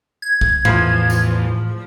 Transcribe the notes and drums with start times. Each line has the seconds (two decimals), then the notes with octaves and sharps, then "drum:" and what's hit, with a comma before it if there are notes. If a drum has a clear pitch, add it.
0.22 G#6
0.41 drum: kick
0.65 E2 A2 F3, drum: tom A2
1.10 drum: tambourine